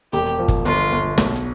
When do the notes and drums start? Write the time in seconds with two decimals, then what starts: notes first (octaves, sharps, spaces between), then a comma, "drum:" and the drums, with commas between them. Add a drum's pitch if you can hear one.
0.13 E1 G4, drum: hi-hat
0.39 F3
0.48 drum: kick G1, hi-hat
0.65 G1 F4, drum: hi-hat
0.92 G1
1.18 B1, drum: snare
1.36 drum: hi-hat